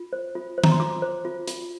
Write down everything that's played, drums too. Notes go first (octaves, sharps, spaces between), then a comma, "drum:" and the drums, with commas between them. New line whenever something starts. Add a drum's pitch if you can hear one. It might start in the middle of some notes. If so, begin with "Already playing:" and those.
Already playing: F4
C5
F4
C5
A#5, drum: tom D#3
C6
F4 D6
C5
F4
F4, drum: hi-hat